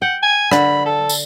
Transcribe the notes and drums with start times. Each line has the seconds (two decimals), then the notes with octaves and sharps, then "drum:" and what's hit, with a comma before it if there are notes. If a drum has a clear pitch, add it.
0.02 F#5 G5
0.22 G#5
0.51 D3 B5, drum: rim click
0.86 A4
1.09 drum: tambourine